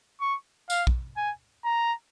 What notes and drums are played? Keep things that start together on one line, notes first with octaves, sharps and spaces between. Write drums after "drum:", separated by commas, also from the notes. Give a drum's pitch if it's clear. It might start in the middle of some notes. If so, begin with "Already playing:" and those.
C#6
F5, drum: tambourine
drum: kick
G#5
A#5